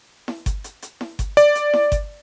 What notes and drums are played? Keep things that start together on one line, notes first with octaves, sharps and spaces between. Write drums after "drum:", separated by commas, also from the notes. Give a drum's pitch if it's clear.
drum: snare E4
drum: kick G1, hi-hat
drum: hi-hat
drum: hi-hat
drum: snare E4
drum: kick G1, hi-hat
D5, drum: hi-hat
drum: hi-hat
drum: snare E4
drum: kick G1, hi-hat